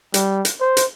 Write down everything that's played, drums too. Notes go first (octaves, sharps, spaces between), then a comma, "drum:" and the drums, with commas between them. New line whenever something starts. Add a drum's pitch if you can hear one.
G3, drum: hi-hat
drum: hi-hat
C5
drum: hi-hat